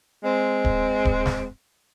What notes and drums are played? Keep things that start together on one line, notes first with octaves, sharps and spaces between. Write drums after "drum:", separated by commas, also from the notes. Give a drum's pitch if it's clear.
G#3 C4
drum: kick D1
drum: kick D1
drum: snare